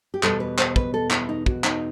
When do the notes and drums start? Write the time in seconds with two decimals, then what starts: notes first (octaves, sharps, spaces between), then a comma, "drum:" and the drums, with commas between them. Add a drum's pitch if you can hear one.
0.14 G4
0.23 E2 B2 G3 A4, drum: clap
0.40 B4
0.59 C5, drum: clap
0.76 B4, drum: kick
0.94 A4
1.11 E4, drum: clap
1.29 D#4
1.46 F#4, drum: kick
1.64 D#4, drum: clap